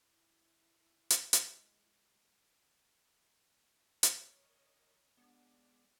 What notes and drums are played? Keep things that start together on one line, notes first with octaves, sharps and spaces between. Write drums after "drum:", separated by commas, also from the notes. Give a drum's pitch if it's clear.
E4
drum: hi-hat
G#3, drum: hi-hat
A#4 C#5 D#5, drum: hi-hat
G#3 B3 D4 D5